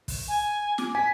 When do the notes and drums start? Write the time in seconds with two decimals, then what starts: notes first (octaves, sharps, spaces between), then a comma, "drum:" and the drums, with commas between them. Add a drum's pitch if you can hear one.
0.08 drum: kick, open hi-hat
0.28 G#5
0.78 D6, drum: snare
0.95 G#5 B6